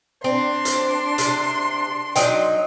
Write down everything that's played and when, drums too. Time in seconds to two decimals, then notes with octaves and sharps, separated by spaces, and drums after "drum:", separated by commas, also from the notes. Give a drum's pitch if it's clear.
0.24 C4 D4 C6
0.65 drum: hi-hat
1.18 C3, drum: hi-hat
2.15 F#3 D#4 G5, drum: hi-hat